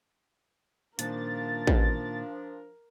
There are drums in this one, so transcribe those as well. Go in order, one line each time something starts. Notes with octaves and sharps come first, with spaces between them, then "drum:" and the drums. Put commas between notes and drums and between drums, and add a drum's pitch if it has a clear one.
A#2 D#3 F3 D4 A#4 A6, drum: hi-hat
drum: kick A1